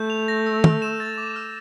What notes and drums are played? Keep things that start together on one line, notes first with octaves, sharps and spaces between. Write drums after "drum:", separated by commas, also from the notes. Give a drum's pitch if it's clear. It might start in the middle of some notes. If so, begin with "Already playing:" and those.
Already playing: A3 G6
F7
A#6
E6
F6, drum: tom
E7
A6
D6
F6